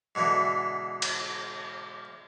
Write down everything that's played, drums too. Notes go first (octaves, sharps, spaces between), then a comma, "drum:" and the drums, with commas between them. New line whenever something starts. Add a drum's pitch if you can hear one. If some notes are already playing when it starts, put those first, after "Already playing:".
G#2 B2 D3 E3
drum: cymbal